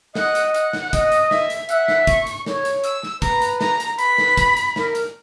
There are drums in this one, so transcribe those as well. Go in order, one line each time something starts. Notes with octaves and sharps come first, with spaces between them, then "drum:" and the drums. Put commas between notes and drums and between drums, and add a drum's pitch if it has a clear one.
D#5 F#5, drum: snare
drum: hi-hat
F#5, drum: hi-hat
drum: snare
D#5, drum: kick, hi-hat
drum: hi-hat
E5, drum: snare
drum: hi-hat
E5 F#5, drum: hi-hat
drum: snare
C#6, drum: kick, hi-hat
drum: hi-hat
C#5, drum: snare
drum: hi-hat
E6, drum: hi-hat
drum: snare
B4 A#5, drum: kick, hi-hat
drum: hi-hat
A#5, drum: snare
drum: hi-hat
B4 B5, drum: hi-hat
drum: snare
drum: kick, hi-hat
drum: hi-hat
A#4, drum: snare
drum: hi-hat